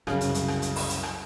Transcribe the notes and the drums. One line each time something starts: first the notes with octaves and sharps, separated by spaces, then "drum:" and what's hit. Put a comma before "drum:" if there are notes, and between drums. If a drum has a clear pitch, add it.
C2 F#2 C#3, drum: rim click
drum: hi-hat
drum: hi-hat
drum: rim click
drum: hi-hat
drum: open hi-hat
drum: hi-hat
drum: rim click